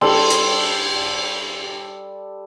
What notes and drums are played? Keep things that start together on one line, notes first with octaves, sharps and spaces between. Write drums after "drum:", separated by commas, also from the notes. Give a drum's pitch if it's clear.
G3 A4 G5 C6, drum: cymbal
drum: hi-hat